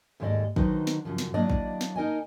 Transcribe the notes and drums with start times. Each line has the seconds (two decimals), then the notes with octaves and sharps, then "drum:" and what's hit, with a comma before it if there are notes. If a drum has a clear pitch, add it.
0.20 D#2 G#2 G#3 A3 D5 D#5
0.56 D3 D#3 F#3 D#4 B4 C5, drum: kick
0.87 drum: snare
1.05 F#2 C#3 F3
1.18 drum: snare
1.34 F#3 A#3 D4 E4 D5 D#5
1.50 drum: kick
1.81 drum: snare
1.96 D#4 A#4 D#5 G#5